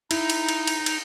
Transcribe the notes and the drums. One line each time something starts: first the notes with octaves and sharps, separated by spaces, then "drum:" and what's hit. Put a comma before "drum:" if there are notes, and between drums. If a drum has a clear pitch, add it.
D#4 E4, drum: cymbal
drum: cymbal
drum: cymbal
drum: cymbal
drum: cymbal